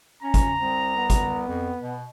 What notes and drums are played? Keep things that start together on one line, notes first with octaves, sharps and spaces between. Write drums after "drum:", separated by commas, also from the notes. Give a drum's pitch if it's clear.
C#4 A#5
drum: kick, hi-hat
C2 C4
B3
drum: kick, hi-hat
F2
B2